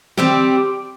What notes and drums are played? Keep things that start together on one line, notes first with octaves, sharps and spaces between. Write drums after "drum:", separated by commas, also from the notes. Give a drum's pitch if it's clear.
G3 C4 G4, drum: tom D#3